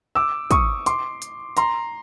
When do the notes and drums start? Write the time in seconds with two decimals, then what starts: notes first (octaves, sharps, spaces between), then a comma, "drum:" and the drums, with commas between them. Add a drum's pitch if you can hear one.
0.15 D6 E6
0.51 C#6 D#6, drum: kick, hi-hat
0.86 C6 D6, drum: hi-hat
1.22 drum: hi-hat
1.57 A#5 C6, drum: hi-hat